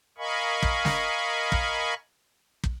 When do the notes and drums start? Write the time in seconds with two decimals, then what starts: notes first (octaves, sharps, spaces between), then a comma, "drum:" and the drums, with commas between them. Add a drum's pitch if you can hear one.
0.18 A#4 D#5 F5 G#5 B5 C#6
0.63 drum: kick
0.85 drum: snare
1.52 drum: kick
2.64 drum: kick